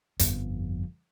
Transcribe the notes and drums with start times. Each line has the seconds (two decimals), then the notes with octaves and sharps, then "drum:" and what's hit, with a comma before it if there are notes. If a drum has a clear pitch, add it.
0.19 G1 F2, drum: hi-hat